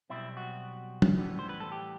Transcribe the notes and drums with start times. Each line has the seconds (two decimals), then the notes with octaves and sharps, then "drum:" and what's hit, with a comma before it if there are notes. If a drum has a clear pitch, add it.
0.10 B1 B2 G3 C4 E4
0.37 F#4
1.02 drum: tom
1.18 A2 E3 G3 B3
1.39 C5
1.49 B4
1.60 A4
1.72 G4